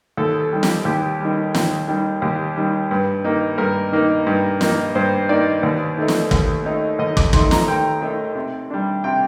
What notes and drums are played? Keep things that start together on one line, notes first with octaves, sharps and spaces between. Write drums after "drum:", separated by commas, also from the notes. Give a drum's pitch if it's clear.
D#2 A4
A4
D#3 G3
G4, drum: snare
D#2 G4
D#3 G3
D#2, drum: snare
D#3 G3
D#2 G4
D#3 G3
G2
D#3 A#3 D#4
G2 A#4
D#3 A#3 D#4
G2
D#3 A#3 D#4, drum: snare
G2 C5
D#3 A#3 D#4 D5
D#2
D#3 A3 D#4
drum: snare
D#2, drum: kick
D#3 A3 D#4
D#2 D#5
D6, drum: kick
D#3 A3 D#4 C6, drum: kick
A#5, drum: snare
D#2 G5
D#3 A3 D#4
C3
G3 D4
C3 G5